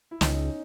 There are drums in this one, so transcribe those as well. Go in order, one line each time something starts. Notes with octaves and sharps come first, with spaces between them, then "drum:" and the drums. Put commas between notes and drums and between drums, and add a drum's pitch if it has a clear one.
E4
C#2 C#4 D#4, drum: snare